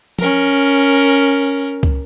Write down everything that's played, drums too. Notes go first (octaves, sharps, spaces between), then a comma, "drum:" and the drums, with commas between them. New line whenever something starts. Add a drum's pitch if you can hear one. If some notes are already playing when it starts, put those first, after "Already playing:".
C#4 A#4, drum: tom
drum: kick